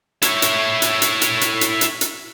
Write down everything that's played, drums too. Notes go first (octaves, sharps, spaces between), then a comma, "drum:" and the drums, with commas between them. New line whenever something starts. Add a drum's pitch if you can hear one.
E4 C#5, drum: hi-hat
drum: hi-hat
drum: hi-hat
drum: hi-hat
drum: hi-hat
drum: hi-hat
drum: hi-hat
drum: hi-hat
drum: hi-hat